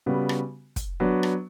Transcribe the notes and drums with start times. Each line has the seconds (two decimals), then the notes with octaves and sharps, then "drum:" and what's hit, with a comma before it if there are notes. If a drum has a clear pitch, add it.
0.06 C#3 G3 B3 F#4
0.29 drum: rim click
0.76 drum: kick, hi-hat
1.00 F#3 B3 D4
1.23 drum: rim click